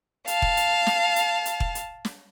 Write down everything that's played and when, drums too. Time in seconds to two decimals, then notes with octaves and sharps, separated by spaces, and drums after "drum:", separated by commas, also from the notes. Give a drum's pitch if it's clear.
0.27 F5 A5, drum: hi-hat
0.42 drum: kick E1
0.57 drum: hi-hat
0.86 drum: snare
1.16 drum: hi-hat
1.46 drum: hi-hat
1.60 drum: kick E1
1.75 drum: hi-hat
2.05 drum: snare